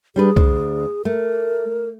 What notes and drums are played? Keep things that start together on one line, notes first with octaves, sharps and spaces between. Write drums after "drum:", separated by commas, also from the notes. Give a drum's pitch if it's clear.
G3 D4 G#4 B4
D2 D4, drum: kick
A3 A#4